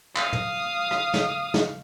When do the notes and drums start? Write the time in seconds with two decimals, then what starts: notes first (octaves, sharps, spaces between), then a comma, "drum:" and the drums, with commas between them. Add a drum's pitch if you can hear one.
0.16 F5 D#6, drum: clap
0.33 drum: tom
0.91 drum: rim click
1.14 drum: snare
1.54 drum: snare